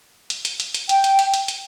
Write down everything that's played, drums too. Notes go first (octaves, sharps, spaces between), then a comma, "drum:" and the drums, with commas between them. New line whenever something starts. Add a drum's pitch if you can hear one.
drum: hi-hat
drum: hi-hat
drum: hi-hat
drum: hi-hat
G5, drum: hi-hat
drum: hi-hat
drum: hi-hat
drum: hi-hat
drum: hi-hat